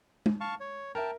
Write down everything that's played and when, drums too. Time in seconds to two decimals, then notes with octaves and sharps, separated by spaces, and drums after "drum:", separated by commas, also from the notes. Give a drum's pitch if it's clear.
0.26 drum: tom G#3
0.41 F5 A5 C#6
0.60 C#5
0.95 A#4 E5 G5 A5